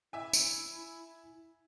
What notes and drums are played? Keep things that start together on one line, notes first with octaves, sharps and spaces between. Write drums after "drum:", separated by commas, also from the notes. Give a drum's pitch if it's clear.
E4 E5 G#5
drum: tambourine